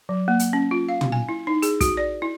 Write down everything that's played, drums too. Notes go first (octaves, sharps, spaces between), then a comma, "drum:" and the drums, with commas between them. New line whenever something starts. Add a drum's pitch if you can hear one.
F#3
A#3
drum: hi-hat
C#4
F4
F5
drum: tom
G#5
E4
D#4
G#4, drum: hi-hat
F#4, drum: kick, hi-hat
D5
E4